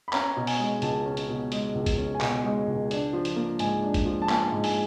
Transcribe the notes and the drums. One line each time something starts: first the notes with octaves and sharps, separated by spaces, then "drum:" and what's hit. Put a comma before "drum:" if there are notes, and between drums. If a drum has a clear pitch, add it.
B5
C#4 A#5, drum: clap
B2
G#5, drum: open hi-hat
G#3
C#2 A5, drum: hi-hat
C#4
drum: hi-hat
B2
G#3, drum: hi-hat
C#2
drum: kick, hi-hat
C#4
G#5
B2 G5, drum: clap
G#3
C#2
D4, drum: hi-hat
F3
drum: hi-hat
A#3
G#2 G#5, drum: hi-hat
D4
drum: kick, hi-hat
F3
A5
A#3 G#5, drum: clap
G#2
G#5, drum: open hi-hat